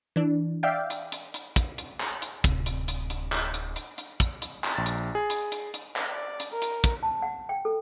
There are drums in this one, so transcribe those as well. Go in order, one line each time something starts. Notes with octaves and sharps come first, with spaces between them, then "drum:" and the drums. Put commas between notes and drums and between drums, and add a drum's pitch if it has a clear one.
E3 D4
D5 E5 F5 G5
drum: hi-hat
drum: hi-hat
drum: hi-hat
drum: kick, hi-hat
drum: hi-hat
drum: clap
drum: hi-hat
D1 C3, drum: kick, hi-hat
drum: hi-hat
drum: hi-hat
drum: hi-hat
drum: clap
drum: hi-hat
drum: hi-hat
drum: hi-hat
drum: kick, hi-hat
drum: hi-hat
drum: clap
A#1 A6
drum: hi-hat
G#4
drum: hi-hat
drum: hi-hat
drum: hi-hat
drum: clap
D5
drum: hi-hat
A#4
drum: hi-hat
drum: kick, hi-hat
A5
F#5
G5
A4